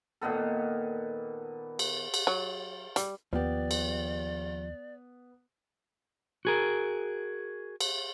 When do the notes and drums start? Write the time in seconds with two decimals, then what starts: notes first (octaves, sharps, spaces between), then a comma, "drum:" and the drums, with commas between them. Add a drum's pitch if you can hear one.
0.21 A#2 D#3 B3 A4
1.79 drum: cymbal
2.14 drum: cymbal
2.27 F#3
2.96 G3, drum: hi-hat
3.33 D#2 F3 B3 G4 D5
3.71 drum: cymbal
6.45 F#4 G#4 A#4
7.81 drum: cymbal